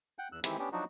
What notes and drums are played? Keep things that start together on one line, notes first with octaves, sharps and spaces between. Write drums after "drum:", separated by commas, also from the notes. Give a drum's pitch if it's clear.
F#5 G5
E2 E6 F#6
D#3 E3 G#3 C4 E4 G4, drum: hi-hat
B3 C#4 D4 G4
F3 F#3 D4 D#4 F#4